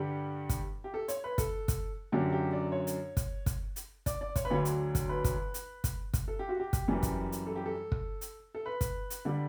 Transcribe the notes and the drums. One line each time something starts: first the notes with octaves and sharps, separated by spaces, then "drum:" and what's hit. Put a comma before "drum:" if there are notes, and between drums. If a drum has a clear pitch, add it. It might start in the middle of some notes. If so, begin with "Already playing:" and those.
Already playing: G2 D3 G3 G4
drum: kick, hi-hat
G4
A4
C#5, drum: hi-hat
B4
A4, drum: kick, hi-hat
drum: kick, hi-hat
F#2 D3 F#3 G4
G4
D5
C#5
drum: hi-hat
drum: kick, hi-hat
drum: kick, hi-hat
drum: hi-hat
D5, drum: kick, hi-hat
D5
C#5, drum: kick, hi-hat
B4
D2 D3 F#3 C#5
drum: hi-hat
drum: kick, hi-hat
B4
drum: kick, hi-hat
drum: hi-hat
drum: kick, hi-hat
drum: kick, hi-hat
A4
G4
F#4
G4
drum: kick, hi-hat
F#2 E3 G3
drum: kick, hi-hat
drum: hi-hat
A4
G4
A4
drum: kick
drum: hi-hat
A4
B4
drum: kick, hi-hat
drum: hi-hat
D3 G3